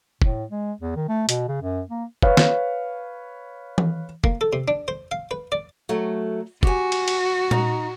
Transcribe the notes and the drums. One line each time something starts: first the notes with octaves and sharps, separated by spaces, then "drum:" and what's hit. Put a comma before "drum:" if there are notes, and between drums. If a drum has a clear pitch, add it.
A2, drum: kick
G#3
E2
D#3
A3
B2, drum: hi-hat
C#3
F#2
A#3
B4 C#5 F5, drum: kick
drum: snare
drum: tom E3
A#3, drum: kick
A4
C3
D4
C5
F5
B4
D5
F#3 A3
F#4 G4 G#5, drum: kick
drum: cymbal
drum: cymbal
D#4, drum: tom A#2